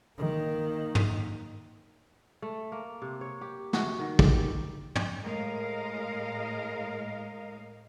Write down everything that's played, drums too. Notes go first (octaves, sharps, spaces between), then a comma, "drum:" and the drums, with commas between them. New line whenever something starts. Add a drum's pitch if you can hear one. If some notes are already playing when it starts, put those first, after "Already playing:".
D#3 A#3
drum: tom
A3
A#3
C3
C#5
G4
F#4, drum: snare
D#3
G4, drum: kick
drum: tom
A2 G#3 A#4 D#5 F5